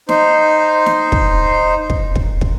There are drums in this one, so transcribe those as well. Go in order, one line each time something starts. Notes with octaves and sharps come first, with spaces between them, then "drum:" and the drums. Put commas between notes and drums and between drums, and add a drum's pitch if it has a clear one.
D#4 C5, drum: snare
drum: snare
drum: kick
drum: kick
drum: kick
drum: kick